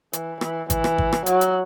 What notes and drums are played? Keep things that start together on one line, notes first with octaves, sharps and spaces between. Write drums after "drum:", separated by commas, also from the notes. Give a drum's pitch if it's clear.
E3, drum: hi-hat
E3, drum: rim click
E3, drum: kick, hi-hat
drum: rim click
drum: kick
drum: rim click
F#3, drum: hi-hat
drum: hi-hat